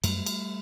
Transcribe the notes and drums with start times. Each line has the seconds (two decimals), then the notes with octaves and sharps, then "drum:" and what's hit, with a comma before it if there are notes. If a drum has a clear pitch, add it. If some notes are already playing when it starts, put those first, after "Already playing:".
0.04 F#2 G3 A3, drum: cymbal
0.26 drum: cymbal